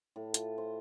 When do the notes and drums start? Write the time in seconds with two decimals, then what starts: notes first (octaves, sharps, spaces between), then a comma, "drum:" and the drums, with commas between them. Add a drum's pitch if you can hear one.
0.16 A2
0.34 F4, drum: hi-hat
0.58 C5